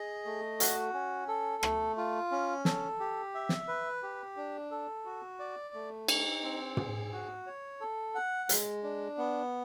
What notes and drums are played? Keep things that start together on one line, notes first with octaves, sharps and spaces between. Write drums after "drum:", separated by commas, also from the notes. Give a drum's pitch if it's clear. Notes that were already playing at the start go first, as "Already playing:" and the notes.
Already playing: G#4 D#5
A3
F#4, drum: hi-hat
C#4
A4
A3, drum: rim click
F4
C#4
A4, drum: snare
G4
E5
drum: snare
B4
G4
D4
A4
F#4
D5
A3
D#4, drum: cymbal
C4
G#4, drum: tom
F#4
C#5
A4
F#5
G#3, drum: hi-hat
D4
B3